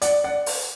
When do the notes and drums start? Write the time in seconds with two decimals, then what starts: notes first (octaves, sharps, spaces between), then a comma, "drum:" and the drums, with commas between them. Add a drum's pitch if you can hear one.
0.02 D5 F#5, drum: hi-hat
0.24 D5 F#5
0.46 drum: open hi-hat